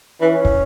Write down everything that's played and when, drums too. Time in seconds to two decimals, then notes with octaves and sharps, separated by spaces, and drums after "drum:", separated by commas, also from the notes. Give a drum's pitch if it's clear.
0.21 E3 C#4
0.45 drum: kick